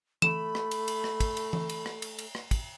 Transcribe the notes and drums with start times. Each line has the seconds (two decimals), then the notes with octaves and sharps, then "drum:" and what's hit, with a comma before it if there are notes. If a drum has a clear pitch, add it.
0.22 A3 B5 E7, drum: tom E3
0.55 drum: rim click
0.71 drum: cymbal
0.88 drum: cymbal
1.04 drum: rim click
1.20 drum: kick, cymbal
1.37 drum: cymbal
1.53 drum: tom E3
1.69 drum: cymbal
1.86 drum: rim click
2.02 drum: cymbal
2.18 drum: cymbal
2.35 drum: rim click
2.51 drum: kick, cymbal